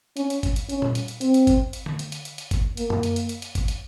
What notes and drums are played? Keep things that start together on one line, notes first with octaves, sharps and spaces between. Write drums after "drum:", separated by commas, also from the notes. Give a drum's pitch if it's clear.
C#4, drum: hi-hat
drum: hi-hat
drum: kick, hi-hat
drum: hi-hat
C#4, drum: hi-hat
drum: tom A#2
drum: hi-hat
drum: hi-hat
C4, drum: hi-hat
drum: hi-hat
drum: kick, hi-hat
drum: hi-hat
drum: tom D3
drum: hi-hat
drum: hi-hat
drum: hi-hat
drum: hi-hat
drum: kick, hi-hat
A#3, drum: hi-hat
drum: tom F#2
drum: hi-hat
drum: hi-hat
drum: hi-hat
drum: hi-hat
drum: kick, hi-hat
drum: hi-hat